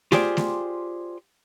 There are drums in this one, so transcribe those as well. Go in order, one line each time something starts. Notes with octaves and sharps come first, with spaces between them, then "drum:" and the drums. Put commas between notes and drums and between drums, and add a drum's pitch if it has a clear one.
F4 G4 G#4 C5 D5, drum: snare A3
drum: snare A3